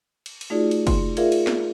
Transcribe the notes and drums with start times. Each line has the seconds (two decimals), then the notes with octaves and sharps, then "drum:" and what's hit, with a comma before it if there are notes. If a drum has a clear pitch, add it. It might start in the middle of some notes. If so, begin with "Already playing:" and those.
0.26 drum: cymbal
0.41 drum: cymbal
0.50 A3 D#4 F4 F#4 G#4 D5
0.71 drum: cymbal
0.87 C6, drum: kick, cymbal
1.17 F4 G#4 A#4 D5 E5 F5, drum: cymbal
1.32 drum: cymbal
1.47 drum: snare